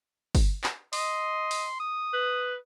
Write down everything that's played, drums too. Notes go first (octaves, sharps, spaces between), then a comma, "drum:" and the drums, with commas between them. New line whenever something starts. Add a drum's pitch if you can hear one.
drum: kick G1, open hi-hat
drum: clap
D#5 C6, drum: open hi-hat
drum: open hi-hat
D#6
B4